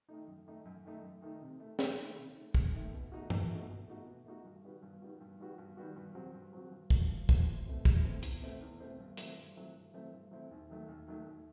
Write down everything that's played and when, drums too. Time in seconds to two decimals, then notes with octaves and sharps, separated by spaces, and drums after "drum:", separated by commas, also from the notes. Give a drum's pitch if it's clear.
0.09 D#3 A3 D#4
0.28 F#2
0.47 D#3 A3 D#4
0.65 F#2
0.85 D#3 A3 D#4
1.03 F#2
1.22 D#3 A3 D#4
1.42 C3
1.60 D#3 A3
1.79 C3, drum: snare
1.98 D#3 A3
2.18 C3
2.35 D#3 A3
2.55 C3, drum: kick
2.74 D#3 A3
2.93 B2
3.12 A3 D#4 F#4
3.30 B2, drum: tom
3.50 A3 D#4 F#4
3.68 B2
3.88 A3 D#4 F#4
4.06 B2
4.26 A3 D#4 F#4
4.45 G2
4.64 D#3 G3 B3 F#4
4.82 G2
5.02 D#3 G3 B3 F#4
5.21 G2
5.39 D#3 G3 B3 F#4
5.58 G2
5.77 D#3 G3 B3 F#4
5.96 G2
6.15 F#3 C4 F#4
6.34 G2
6.53 F#3 C4 F#4
6.71 G2
6.90 F#3 C4 F#4, drum: kick
7.10 G2
7.29 F#3 C4 F#4, drum: kick
7.48 E2
7.66 B2 A3 C4
7.85 E2, drum: kick
8.04 B2 A3 C4
8.23 E2, drum: hi-hat
8.42 B2 A3 C4
8.61 E2
8.80 B2 A3 C4
9.00 G2
9.17 F#3 A3 C4 E4, drum: hi-hat
9.38 G2
9.56 F#3 A3 C4 E4
9.75 G2
9.94 F#3 A3 C4 E4
10.13 G2
10.31 F#3 A3 C4 E4
10.51 D#2
10.70 D#3 F#3 A3
10.88 D#2
11.08 D#3 F#3 A3
11.26 D#2